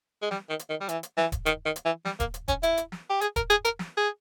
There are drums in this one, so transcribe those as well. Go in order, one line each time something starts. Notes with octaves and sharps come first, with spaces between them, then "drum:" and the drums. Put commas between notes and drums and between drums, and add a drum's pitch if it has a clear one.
G#3
G3, drum: snare
D#3
drum: hi-hat
D#3
G3
E3, drum: hi-hat
drum: hi-hat
E3, drum: snare
drum: kick D#1, hi-hat
D#3, drum: hi-hat
D#3
drum: hi-hat
E3
G3, drum: snare
A#3, drum: kick D#1, hi-hat
drum: hi-hat
C#4, drum: kick D#1, hi-hat
E4, drum: hi-hat
drum: hi-hat
drum: snare
G4
G#4, drum: hi-hat
A#4, drum: kick D#1, hi-hat
G#4, drum: hi-hat
A#4, drum: hi-hat
drum: snare
G#4